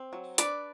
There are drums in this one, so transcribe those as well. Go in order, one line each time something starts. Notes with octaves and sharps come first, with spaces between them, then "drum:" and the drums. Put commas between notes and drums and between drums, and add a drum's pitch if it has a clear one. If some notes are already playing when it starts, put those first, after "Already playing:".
Already playing: C4
F#3
D4 B4 D5, drum: hi-hat